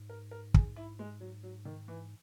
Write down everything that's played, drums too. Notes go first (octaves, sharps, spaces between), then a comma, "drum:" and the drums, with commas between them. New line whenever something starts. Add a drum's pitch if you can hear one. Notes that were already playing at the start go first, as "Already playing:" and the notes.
Already playing: G#2
A#4
A#4
G#4, drum: kick
E4
G#3
F#3
F#3
D#3
E3